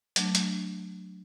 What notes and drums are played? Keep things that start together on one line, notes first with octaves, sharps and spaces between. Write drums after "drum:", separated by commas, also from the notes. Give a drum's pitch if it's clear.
F#3 A3 D4, drum: hi-hat
drum: hi-hat